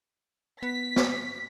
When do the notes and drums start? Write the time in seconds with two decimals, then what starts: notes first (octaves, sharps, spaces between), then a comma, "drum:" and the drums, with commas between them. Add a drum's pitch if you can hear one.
0.63 B3 B6
0.96 drum: snare